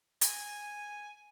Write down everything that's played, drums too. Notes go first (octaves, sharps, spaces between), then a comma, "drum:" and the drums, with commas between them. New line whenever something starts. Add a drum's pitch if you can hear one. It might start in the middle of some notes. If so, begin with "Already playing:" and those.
G#5, drum: hi-hat